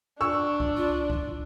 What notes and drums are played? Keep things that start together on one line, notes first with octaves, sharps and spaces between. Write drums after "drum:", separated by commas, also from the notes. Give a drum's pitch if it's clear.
D4 C#6 E6
drum: kick C2
F4
drum: kick C2